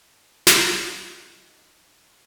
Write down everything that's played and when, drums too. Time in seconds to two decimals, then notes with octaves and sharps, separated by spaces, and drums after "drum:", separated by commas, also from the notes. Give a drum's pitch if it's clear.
0.47 D#4 F4 F5, drum: snare